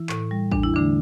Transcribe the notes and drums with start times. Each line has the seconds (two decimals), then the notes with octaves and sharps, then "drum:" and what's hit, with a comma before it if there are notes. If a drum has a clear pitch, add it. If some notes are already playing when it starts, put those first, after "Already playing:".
Already playing: E3 E4
0.09 A2, drum: clap
0.31 G3
0.52 E2 D4, drum: kick A1
0.63 E4
0.73 D3 E3 A3 D4